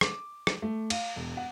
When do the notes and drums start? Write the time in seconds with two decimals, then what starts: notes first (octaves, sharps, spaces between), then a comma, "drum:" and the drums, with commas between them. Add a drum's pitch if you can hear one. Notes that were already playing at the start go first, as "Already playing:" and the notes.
0.01 D6, drum: rim click
0.47 drum: rim click
0.62 A3
0.90 F5, drum: cymbal
1.16 E1
1.37 F#5